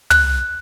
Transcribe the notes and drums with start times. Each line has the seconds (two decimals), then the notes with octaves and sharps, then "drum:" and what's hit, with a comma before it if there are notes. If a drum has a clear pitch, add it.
0.10 F#6, drum: tom